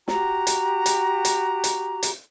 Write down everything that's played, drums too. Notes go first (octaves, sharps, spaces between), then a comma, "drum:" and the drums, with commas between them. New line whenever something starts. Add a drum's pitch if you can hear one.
F#4 G4 A#5, drum: snare
drum: hi-hat
drum: hi-hat
drum: hi-hat
drum: hi-hat
drum: hi-hat